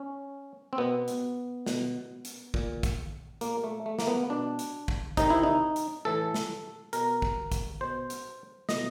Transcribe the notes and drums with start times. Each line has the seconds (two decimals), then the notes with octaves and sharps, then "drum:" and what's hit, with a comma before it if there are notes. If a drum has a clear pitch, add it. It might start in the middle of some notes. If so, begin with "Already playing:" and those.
Already playing: C#4
0.73 C4
0.78 B2 B3
1.08 drum: hi-hat
1.66 B2, drum: snare
2.25 drum: hi-hat
2.54 A#2, drum: kick
2.83 drum: kick, hi-hat
3.41 A#2 A#3, drum: hi-hat
3.64 A3
3.86 A3
3.99 A#3, drum: snare
4.08 B3
4.29 B2 D4
4.59 drum: hi-hat
4.88 drum: kick
5.17 C3 D#3 D#4, drum: kick, hi-hat
5.30 E4
5.43 D#4
5.76 drum: hi-hat
6.05 A2 E3 A4
6.34 drum: snare
6.93 B2 A#4, drum: hi-hat
7.22 drum: kick
7.52 drum: kick, hi-hat
7.81 B2 C5
8.10 drum: hi-hat
8.69 B2 D#5, drum: snare